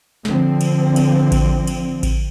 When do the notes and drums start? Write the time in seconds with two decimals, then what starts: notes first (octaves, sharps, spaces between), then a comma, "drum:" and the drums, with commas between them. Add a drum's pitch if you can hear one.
0.25 D3 F3 C4, drum: snare
0.61 drum: cymbal
0.96 drum: cymbal
1.32 drum: kick A1, cymbal
1.67 drum: cymbal
2.03 drum: kick A1, cymbal